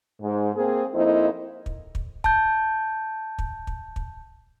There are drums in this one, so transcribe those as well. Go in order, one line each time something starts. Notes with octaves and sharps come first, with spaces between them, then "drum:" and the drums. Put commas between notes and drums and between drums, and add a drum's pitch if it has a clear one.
G#2
A#3 C4 G#4
F2 A#3 D#4 E4 C5
drum: kick
drum: kick
A5 G6, drum: kick
drum: kick
drum: kick
drum: kick